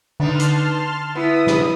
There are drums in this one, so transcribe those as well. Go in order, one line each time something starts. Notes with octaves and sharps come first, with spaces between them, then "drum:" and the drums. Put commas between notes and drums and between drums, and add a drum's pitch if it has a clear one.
D3 B3 D4 D#4 A5 C6 F6
drum: hi-hat
B3 E4 D#6
drum: snare